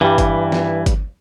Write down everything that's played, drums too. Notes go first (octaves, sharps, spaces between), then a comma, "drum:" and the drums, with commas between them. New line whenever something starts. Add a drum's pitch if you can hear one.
G2 E3 G3
drum: kick G1, hi-hat
drum: snare
drum: kick G1, hi-hat